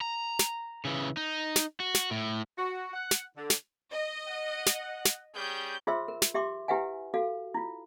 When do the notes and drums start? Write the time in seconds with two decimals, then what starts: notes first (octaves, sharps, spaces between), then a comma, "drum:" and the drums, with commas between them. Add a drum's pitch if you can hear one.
0.01 A#5
0.39 drum: snare
0.85 C#3 E3
1.17 D#4
1.56 drum: snare
1.80 F#4
1.95 drum: snare
2.11 A2
2.58 F#4
2.93 F#5
3.11 drum: snare
3.37 D3
3.50 drum: snare
3.91 D#5
4.28 F#5
4.66 drum: snare
5.05 drum: snare
5.34 G3 C#4 G#4 G6
5.87 F4 G#4 C5 E5 C6 E6
6.08 A#4
6.22 drum: snare
6.34 G4 E5 C6 D6
6.68 E4 G4 B4 E5 F#5 G#5
7.14 F#4 A4 F5
7.54 E4 F4